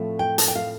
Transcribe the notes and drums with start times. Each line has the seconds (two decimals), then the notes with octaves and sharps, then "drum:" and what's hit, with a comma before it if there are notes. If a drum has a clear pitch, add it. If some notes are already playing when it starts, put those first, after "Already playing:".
Already playing: A2 F3 A3 C4
0.19 G5
0.38 A5, drum: hi-hat
0.48 G5
0.56 F5